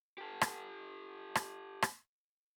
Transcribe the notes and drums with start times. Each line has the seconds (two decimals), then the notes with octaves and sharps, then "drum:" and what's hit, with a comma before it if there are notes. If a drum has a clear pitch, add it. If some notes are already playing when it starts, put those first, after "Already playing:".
0.18 G4 A4
0.41 drum: rim click
1.35 drum: rim click
1.82 drum: rim click